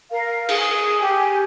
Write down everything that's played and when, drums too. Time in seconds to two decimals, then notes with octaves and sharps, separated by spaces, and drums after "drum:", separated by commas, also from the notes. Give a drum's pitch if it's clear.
0.11 A#4 F5
0.49 G#4, drum: cymbal
1.00 G4 G#5